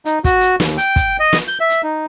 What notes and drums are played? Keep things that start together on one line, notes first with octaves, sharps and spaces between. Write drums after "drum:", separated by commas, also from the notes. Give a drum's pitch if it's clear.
D#4, drum: hi-hat
F#4, drum: kick, hi-hat
drum: hi-hat
D#2, drum: snare
G5, drum: hi-hat
drum: kick, hi-hat
D#5
drum: snare
G6
E5
drum: hi-hat
D#4